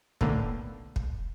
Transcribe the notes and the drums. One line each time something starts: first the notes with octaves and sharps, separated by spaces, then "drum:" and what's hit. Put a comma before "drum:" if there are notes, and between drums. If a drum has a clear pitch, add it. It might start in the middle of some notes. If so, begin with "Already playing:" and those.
B1 A2 D3 A#3, drum: kick
drum: kick